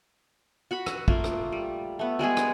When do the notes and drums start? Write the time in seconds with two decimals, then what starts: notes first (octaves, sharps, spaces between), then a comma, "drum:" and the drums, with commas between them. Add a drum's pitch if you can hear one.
0.71 F#4 F#5 B5
0.86 drum: rim click
1.08 A3 A#3 F4, drum: kick
1.24 drum: rim click
1.52 G3
1.99 A3 B3
2.19 G3 G#3 B3 G#4
2.37 drum: rim click